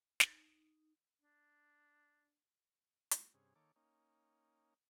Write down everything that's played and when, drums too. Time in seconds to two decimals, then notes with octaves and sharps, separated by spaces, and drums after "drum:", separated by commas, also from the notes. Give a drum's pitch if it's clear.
0.20 D#4, drum: snare
1.21 D4
3.11 drum: hi-hat
3.34 G2 C3 C#4 G#4
3.56 D#3 A#3 A4 C#5 D6
3.76 A#3 C#4 D#4